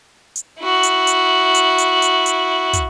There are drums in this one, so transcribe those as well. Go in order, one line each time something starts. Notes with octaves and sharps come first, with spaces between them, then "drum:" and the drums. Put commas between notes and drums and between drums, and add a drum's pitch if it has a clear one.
drum: hi-hat
E4 F#4
drum: hi-hat
drum: hi-hat
drum: hi-hat
drum: hi-hat
drum: hi-hat
drum: hi-hat
drum: kick, hi-hat